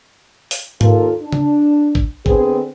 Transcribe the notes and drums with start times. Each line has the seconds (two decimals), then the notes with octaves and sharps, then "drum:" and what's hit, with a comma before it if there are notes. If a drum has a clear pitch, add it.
0.51 drum: open hi-hat
0.81 D#2 A#3 F4 A4 A#4, drum: tom G#2
1.22 D4
1.32 drum: tom C#3
1.95 drum: kick A1
2.26 D3 B3 C4 G#4, drum: kick A1